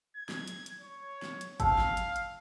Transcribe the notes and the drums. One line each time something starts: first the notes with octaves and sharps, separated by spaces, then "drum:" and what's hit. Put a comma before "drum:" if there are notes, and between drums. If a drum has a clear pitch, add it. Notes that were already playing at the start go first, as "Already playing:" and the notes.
G#6
drum: snare
drum: hi-hat
drum: hi-hat
C#5
drum: snare
drum: hi-hat
F5 A5 E6, drum: kick G1, hi-hat
drum: snare
drum: hi-hat
drum: hi-hat